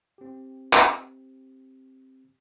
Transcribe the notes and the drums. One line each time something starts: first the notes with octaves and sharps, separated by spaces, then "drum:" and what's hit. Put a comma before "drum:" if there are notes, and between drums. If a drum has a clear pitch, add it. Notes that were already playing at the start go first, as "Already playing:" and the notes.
C4 G4
drum: clap